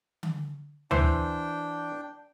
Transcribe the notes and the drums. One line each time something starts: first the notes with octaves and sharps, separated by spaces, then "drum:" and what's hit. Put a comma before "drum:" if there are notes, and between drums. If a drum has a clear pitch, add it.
drum: tom D3
E3 D4 C5 G5, drum: tom D2